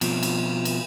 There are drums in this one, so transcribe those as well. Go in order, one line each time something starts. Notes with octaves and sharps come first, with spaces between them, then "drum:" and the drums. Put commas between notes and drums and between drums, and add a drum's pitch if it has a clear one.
B2 F3 C4, drum: cymbal
drum: cymbal
drum: cymbal